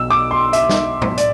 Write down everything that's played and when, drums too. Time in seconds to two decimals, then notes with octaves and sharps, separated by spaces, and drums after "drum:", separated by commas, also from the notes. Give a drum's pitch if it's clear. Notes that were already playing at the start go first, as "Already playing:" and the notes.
Already playing: B1 B2 E6
0.10 D6
0.31 C6
0.53 E5, drum: hi-hat
0.69 drum: snare
1.02 drum: tom
1.17 D5, drum: hi-hat